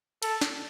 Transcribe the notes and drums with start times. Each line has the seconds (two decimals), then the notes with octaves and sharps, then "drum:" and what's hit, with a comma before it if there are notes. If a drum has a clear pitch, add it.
0.22 A4, drum: cymbal
0.41 drum: snare